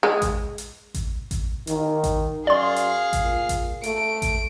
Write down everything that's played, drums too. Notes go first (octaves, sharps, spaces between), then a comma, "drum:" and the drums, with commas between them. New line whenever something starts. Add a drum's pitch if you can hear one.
G#3
drum: kick A1, hi-hat
drum: hi-hat
drum: kick A1, hi-hat
drum: kick A1, hi-hat
D#3, drum: hi-hat
drum: kick A1, hi-hat
F#2 G#4 D5 F5 C6
drum: hi-hat
drum: kick A1, hi-hat
A#2
drum: kick A1, hi-hat
A3 D7, drum: hi-hat
drum: kick A1, hi-hat